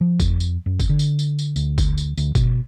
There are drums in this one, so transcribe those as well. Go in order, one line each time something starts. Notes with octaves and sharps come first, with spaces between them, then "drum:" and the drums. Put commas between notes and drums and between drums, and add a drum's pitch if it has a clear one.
F3
F2, drum: kick G1, tambourine
drum: tambourine
F#2
drum: kick G1, tambourine
D3
drum: tambourine
drum: tambourine
drum: tambourine
D2, drum: tambourine
drum: kick G1, tambourine
drum: tambourine
D2, drum: tambourine
B2, drum: kick G1, tambourine